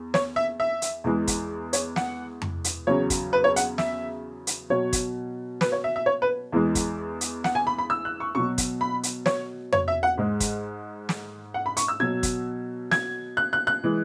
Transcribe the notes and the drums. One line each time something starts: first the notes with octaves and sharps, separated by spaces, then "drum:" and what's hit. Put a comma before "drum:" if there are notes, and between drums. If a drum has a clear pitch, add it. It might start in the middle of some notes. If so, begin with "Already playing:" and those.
Already playing: E2
C#5, drum: snare
E5
E5
drum: hi-hat
E2 E3 G#3
drum: kick, hi-hat
C#5, drum: hi-hat
F#5, drum: snare
drum: tom F2
drum: hi-hat
E2 C#3 F#3 C#5
drum: kick, hi-hat
B4
C#5
F#5, drum: hi-hat
E5, drum: snare
drum: hi-hat
B2 F#3 C#5
drum: kick, hi-hat
B4, drum: snare
C#5
E5
E5
C#5
B4
E2 E3 G#3
drum: kick, hi-hat
drum: hi-hat
F#5, drum: snare
G#5
B5
B5
E6
F#6
C#6
B2 F#3 C#6
drum: kick, hi-hat
B5
drum: hi-hat
C#5, drum: snare
C#5, drum: tom F2
E5
F#5
G#2 G#3
drum: kick, hi-hat
drum: snare
F#5
B5
C#6, drum: hi-hat
E6
B2 F#3 G#6
drum: kick, hi-hat
G#6, drum: snare
F#6
F#6
F#6
E3 G#3